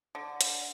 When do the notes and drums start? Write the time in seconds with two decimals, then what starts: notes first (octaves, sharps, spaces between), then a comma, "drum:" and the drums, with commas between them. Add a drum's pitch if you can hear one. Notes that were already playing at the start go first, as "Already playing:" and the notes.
0.15 D3
0.41 drum: hi-hat